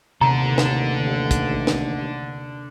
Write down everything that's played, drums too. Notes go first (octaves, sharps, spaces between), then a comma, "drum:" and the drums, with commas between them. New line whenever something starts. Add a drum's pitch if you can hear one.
A1 D#2 C3 D4 A4 A#5
drum: snare
drum: kick, hi-hat
drum: snare